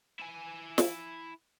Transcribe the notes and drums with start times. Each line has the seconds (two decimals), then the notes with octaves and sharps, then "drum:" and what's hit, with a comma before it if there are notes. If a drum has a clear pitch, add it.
0.20 E4 G#5
0.78 drum: snare